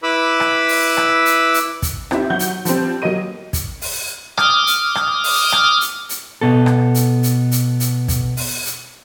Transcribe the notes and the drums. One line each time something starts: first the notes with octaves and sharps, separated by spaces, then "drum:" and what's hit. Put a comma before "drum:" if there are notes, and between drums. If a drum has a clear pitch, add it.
E4 B4 B5 D6 E6
drum: rim click
drum: open hi-hat
drum: rim click
drum: hi-hat
drum: hi-hat
drum: kick, hi-hat
C4 D#4 E4 G4 E5, drum: rim click
F#3 F#4 F#5 G6
drum: hi-hat
F3 G3 C4, drum: hi-hat
F#3 A#3 G4 D#5 D#7
drum: kick, hi-hat
drum: open hi-hat
D6 D#6 F6, drum: rim click
drum: hi-hat
drum: rim click
drum: open hi-hat
drum: rim click
drum: hi-hat
drum: hi-hat
B2 B3 A4
drum: rim click
drum: hi-hat
drum: hi-hat
drum: hi-hat
drum: hi-hat
drum: kick, hi-hat
drum: open hi-hat
drum: hi-hat